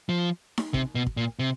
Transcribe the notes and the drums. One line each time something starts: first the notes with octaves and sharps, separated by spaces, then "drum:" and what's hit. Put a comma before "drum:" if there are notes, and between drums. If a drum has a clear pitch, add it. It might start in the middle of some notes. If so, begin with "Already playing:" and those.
F3
drum: snare D#4
C3, drum: kick
B2
drum: kick
A#2
C3